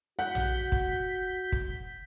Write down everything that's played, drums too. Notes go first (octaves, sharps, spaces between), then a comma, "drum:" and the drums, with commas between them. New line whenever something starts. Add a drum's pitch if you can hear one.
F#4 F#5 G6 B6
drum: tom A#1
drum: kick
drum: kick